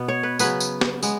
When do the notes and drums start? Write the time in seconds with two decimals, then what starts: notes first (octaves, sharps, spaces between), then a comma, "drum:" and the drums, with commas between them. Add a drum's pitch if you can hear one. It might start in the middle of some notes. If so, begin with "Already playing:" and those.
Already playing: B2 B3
0.08 C#5
0.23 B4
0.39 C#3 F#3 B3 B4, drum: tambourine
0.60 drum: tambourine
0.81 drum: snare
1.03 G#3 B3, drum: tambourine